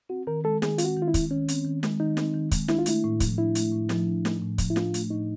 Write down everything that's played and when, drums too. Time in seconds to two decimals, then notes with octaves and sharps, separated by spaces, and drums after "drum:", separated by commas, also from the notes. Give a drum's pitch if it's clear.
0.09 C4 F#4
0.27 D#3 A#4
0.44 G#3 A4
0.62 D#3 G#4, drum: snare
0.78 C4 F4, drum: hi-hat
0.85 F#4
0.97 D#3
1.02 F4
1.08 E4
1.14 G#3, drum: kick, hi-hat
1.31 D#3 C#4
1.48 C4, drum: hi-hat
1.65 D#3
1.83 G#3, drum: snare
2.00 D#3 D#4
2.17 C4, drum: snare
2.34 D#3
2.51 G#3, drum: kick, hi-hat
2.68 D4 E4, drum: snare
2.79 F4
2.86 A3 E4, drum: hi-hat
3.04 A2
3.20 F3, drum: kick, hi-hat
3.38 D4 E4
3.55 A3, drum: hi-hat
3.72 A2
3.89 F3, drum: snare
4.07 D4
4.25 A3, drum: snare
4.42 A2
4.58 F3, drum: kick, hi-hat
4.70 E4
4.76 D4 F4, drum: snare
4.94 A3, drum: hi-hat
5.10 A2 D#4